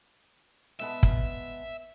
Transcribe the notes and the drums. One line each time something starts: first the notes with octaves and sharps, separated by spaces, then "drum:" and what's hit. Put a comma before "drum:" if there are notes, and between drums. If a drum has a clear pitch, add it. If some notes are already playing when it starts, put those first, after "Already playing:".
G#3 B3 E5 A5
drum: kick